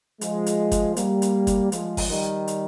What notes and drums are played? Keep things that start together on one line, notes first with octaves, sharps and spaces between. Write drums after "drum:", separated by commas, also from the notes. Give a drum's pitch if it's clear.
F3 G#3, drum: hi-hat
drum: hi-hat
drum: kick G1, hi-hat
G3 A#3, drum: hi-hat
drum: hi-hat
drum: kick G1, hi-hat
F3 G#3, drum: hi-hat
drum: kick G1, open hi-hat
D#3 G3
drum: hi-hat